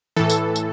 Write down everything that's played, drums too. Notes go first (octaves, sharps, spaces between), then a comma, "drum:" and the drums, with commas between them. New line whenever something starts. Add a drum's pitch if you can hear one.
A2 E3 A4
drum: tambourine
drum: tambourine